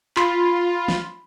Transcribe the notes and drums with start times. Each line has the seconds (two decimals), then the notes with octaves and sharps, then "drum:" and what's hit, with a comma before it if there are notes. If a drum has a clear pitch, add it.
0.16 F4 B5 C6, drum: clap
0.88 drum: snare